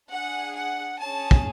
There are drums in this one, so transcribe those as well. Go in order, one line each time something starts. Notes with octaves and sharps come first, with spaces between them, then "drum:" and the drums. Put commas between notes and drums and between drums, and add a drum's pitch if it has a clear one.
D4 G#4 F#5
F#5
C#4 G#4 A5
drum: kick